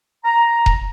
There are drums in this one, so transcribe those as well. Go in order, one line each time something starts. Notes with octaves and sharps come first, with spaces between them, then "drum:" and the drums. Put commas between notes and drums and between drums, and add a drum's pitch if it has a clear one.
A#5
drum: kick D#1